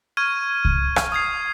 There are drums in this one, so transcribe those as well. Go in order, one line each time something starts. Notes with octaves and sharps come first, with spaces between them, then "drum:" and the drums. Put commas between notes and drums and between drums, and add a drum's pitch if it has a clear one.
C#6 F6 G#6 D#7
drum: kick C2
drum: rim click
D#6 G#6 C7